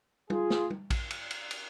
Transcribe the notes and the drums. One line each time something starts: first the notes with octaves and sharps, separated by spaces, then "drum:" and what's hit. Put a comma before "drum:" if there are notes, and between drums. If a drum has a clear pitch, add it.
F4 G#4, drum: tom
drum: snare
drum: tom
drum: kick A#1, cymbal
drum: cymbal
drum: cymbal
drum: cymbal